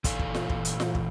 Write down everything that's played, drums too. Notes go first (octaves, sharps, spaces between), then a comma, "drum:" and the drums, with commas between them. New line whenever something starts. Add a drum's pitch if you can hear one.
A#2 E3 A4 F5 G#5, drum: kick, hi-hat
drum: kick
drum: snare F4
drum: kick
drum: hi-hat
drum: snare F4
drum: kick